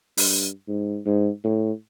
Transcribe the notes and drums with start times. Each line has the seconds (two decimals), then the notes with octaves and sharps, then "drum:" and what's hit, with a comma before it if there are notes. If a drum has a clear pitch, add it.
0.17 G2, drum: open hi-hat
0.68 G#2
1.06 G#2
1.44 A2